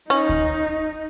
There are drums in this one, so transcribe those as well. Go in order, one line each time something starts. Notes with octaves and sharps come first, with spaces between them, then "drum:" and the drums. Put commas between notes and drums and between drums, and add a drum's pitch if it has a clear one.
C#4 D#4
drum: kick D2